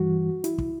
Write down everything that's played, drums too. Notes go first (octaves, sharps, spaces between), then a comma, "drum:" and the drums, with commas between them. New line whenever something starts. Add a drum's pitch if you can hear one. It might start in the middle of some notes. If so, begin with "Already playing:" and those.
Already playing: G2 E3 G3 F#4
E4, drum: hi-hat
drum: kick